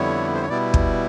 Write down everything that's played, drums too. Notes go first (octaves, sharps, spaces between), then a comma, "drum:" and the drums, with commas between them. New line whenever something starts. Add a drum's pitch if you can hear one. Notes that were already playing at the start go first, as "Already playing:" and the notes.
Already playing: F2 D3 G3 B3 E4 C#5
C5
C#5
B2 G3 B3 E4 D5
drum: kick